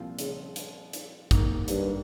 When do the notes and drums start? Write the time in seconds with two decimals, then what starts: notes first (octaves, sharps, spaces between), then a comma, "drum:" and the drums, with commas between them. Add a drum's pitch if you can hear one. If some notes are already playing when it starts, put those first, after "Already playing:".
Already playing: C2 A#2 F3 C4 F4
0.19 C#3, drum: hi-hat
0.56 drum: hi-hat
0.93 drum: hi-hat
1.31 G#2 D#3 A#3, drum: kick, hi-hat
1.68 G2, drum: hi-hat